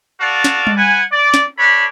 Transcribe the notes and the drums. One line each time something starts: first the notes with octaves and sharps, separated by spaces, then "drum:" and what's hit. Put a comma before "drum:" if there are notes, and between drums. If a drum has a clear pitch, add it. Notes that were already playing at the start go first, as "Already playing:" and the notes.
F#4 A4 D5 F5 A5
drum: snare
drum: tom G3
B4 F#5 G#5
D5
drum: snare
D4 A4 C#5 B5